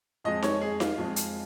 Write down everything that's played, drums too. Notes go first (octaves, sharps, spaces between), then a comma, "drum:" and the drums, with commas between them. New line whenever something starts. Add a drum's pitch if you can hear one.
F2 F3 G#3 D#5
C#5, drum: snare D#4
G#4
F4, drum: snare D#4
F2 F3 G#3
drum: hi-hat